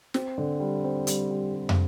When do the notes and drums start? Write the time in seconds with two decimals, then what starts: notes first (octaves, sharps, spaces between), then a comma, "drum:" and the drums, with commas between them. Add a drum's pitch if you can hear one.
0.14 C4, drum: snare
0.38 D3
0.60 G3
0.84 C4
1.07 G3, drum: hi-hat
1.30 G3
1.54 G3
1.69 drum: tom